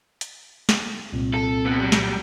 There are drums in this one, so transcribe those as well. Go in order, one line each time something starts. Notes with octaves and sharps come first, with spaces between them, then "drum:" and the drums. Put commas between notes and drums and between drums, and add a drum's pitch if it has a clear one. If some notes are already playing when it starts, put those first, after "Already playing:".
drum: hi-hat
drum: snare
C2 A#2 C4
A4
C3 B3
F#3 G3
drum: snare